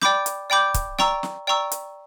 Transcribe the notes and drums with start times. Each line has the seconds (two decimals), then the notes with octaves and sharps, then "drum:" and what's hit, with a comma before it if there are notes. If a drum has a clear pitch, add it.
0.02 D5 G5 B5 D6 G6, drum: snare
0.26 drum: hi-hat
0.50 D5 G5 B5 D6 G6
0.74 drum: kick, hi-hat
0.99 D5 G5 A#5 C#6 E6, drum: snare
1.23 drum: snare
1.47 D5 G5 A#5 C#6 E6
1.72 drum: hi-hat